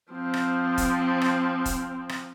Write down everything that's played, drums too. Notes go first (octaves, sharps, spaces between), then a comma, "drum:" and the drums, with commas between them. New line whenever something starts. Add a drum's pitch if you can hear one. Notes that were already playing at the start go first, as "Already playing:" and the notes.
F3 C4
drum: rim click
drum: kick D#1, hi-hat
drum: rim click
drum: kick D#1, hi-hat
drum: rim click